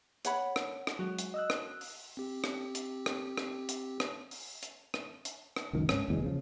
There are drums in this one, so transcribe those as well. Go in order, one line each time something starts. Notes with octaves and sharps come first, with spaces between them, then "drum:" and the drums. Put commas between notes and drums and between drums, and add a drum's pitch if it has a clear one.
C#5 F#5 B5, drum: hi-hat
drum: rim click
drum: rim click
F#3 G#3 F#4
drum: hi-hat
D#5 E6 F#6
drum: rim click
drum: open hi-hat
C4 G4
drum: rim click
drum: hi-hat
drum: rim click
drum: rim click
drum: hi-hat
drum: rim click
drum: open hi-hat
drum: hi-hat
drum: rim click
drum: hi-hat
drum: rim click
C#2 F#2 D#3
G#2 C#4, drum: rim click
F#1 E2 G#3
C#3 F3